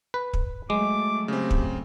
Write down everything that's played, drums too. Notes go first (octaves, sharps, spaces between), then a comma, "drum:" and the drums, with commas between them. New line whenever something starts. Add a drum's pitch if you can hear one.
B4
drum: kick
F#3 G#3 A3 D6
C#3 C4 G4
drum: kick